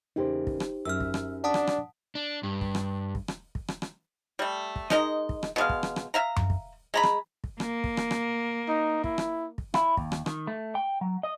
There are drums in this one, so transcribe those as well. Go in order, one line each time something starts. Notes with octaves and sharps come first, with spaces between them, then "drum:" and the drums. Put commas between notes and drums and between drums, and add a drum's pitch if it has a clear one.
E2 C#3 A#3 D#4 G4 C5
drum: kick
drum: rim click
F#2 E5 E6 F6
drum: kick
drum: rim click
D4 F#5 A5 D#6
drum: rim click
drum: rim click
D4
G2
drum: kick
drum: rim click
drum: kick
drum: rim click
drum: kick
drum: rim click
drum: rim click
G3 A3
drum: kick
G#3 D#4 A#4 D#5, drum: rim click
drum: kick
drum: rim click
B2 G#3 F5
drum: kick
drum: rim click
drum: rim click
E5 F5 A#5
drum: tom F#2
drum: kick
G#3 A#5 B5
drum: rim click
drum: kick
A#3, drum: rim click
drum: kick
drum: rim click
drum: rim click
D#4
E4, drum: kick
drum: rim click
drum: kick
E4, drum: rim click
D#2, drum: kick
drum: rim click
D#3, drum: rim click
A3
G5
F#3
D#5